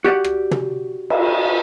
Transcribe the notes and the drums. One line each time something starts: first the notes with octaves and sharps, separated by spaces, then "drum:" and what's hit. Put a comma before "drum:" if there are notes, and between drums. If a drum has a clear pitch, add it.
F#4 G4 D5 F#5
drum: rim click
drum: tom
drum: cymbal